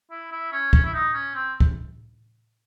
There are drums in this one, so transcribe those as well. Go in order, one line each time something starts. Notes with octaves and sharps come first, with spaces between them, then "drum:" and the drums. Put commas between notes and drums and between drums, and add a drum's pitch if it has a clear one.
E4
E4
C#4
C#4, drum: kick
E4
D#4
C#4
C4
drum: kick